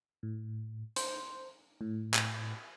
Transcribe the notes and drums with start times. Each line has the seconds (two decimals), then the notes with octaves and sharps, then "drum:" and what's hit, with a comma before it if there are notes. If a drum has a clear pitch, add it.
0.23 A2
0.96 C5, drum: hi-hat
1.81 A2
2.14 drum: clap